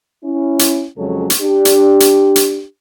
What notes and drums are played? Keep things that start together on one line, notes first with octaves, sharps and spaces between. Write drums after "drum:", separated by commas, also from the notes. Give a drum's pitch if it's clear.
C#4 E4
drum: hi-hat
F2 C#3 F#3 G#3 C#4 A4
drum: hi-hat
D4 G4
drum: hi-hat
drum: hi-hat
drum: hi-hat